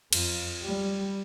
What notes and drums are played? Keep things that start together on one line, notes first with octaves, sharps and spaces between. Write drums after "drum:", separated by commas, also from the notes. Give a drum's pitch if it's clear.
F2, drum: cymbal
G3